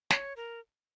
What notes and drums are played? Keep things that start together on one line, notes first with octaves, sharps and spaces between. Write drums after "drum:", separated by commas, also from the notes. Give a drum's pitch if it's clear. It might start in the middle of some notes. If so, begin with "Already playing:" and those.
C#5, drum: snare
A#4